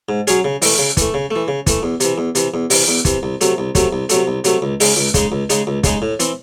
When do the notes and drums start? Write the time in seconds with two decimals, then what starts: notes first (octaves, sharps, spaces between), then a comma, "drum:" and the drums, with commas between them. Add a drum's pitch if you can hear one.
0.09 G#2
0.27 F#3 C#4 G#4, drum: hi-hat
0.44 C#3
0.62 E3 A3, drum: open hi-hat
0.79 C#3
0.97 E3 A3, drum: kick, hi-hat
1.14 C#3
1.31 A3
1.36 E3
1.48 C#3
1.67 E3 A3, drum: kick, hi-hat
1.83 E2
2.00 C3 E3, drum: hi-hat
2.18 E2
2.35 C3 E3, drum: hi-hat
2.54 E2
2.70 C3 E3, drum: open hi-hat
2.88 E2
3.05 C3 E3, drum: kick, hi-hat
3.23 C2
3.41 C3 F#3 A3, drum: hi-hat
3.58 C2
3.75 C3 F#3 A3, drum: kick, hi-hat
3.93 C2
4.09 C3 F#3 A3, drum: hi-hat
4.27 C2
4.44 C3 F#3 A3, drum: hi-hat
4.62 C#2
4.80 C#3 G#3 D#4, drum: open hi-hat
4.97 C#2
5.14 C#3 G#3 D#4, drum: kick, hi-hat
5.32 C#2
5.50 C#3 G#3 D#4, drum: hi-hat
5.67 C#2
5.84 C#3 G#3 D#4, drum: kick, hi-hat
6.02 A2
6.20 E3 C4, drum: hi-hat